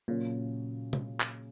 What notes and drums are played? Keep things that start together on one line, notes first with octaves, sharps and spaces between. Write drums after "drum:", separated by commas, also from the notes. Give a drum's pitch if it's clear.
A#2 C#3 F#3 C#4 F4
drum: tom
drum: clap